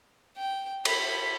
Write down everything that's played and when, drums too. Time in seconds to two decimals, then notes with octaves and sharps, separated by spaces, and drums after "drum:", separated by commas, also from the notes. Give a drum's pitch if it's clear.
0.37 G5
0.85 B5, drum: cymbal